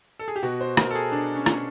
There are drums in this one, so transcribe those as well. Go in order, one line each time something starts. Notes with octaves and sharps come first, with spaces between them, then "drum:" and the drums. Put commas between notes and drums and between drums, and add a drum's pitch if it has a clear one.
A4
G#4
G4
B2 F#4
C5
A#4, drum: rim click
A4
G#4
B2 D4
C#4
drum: rim click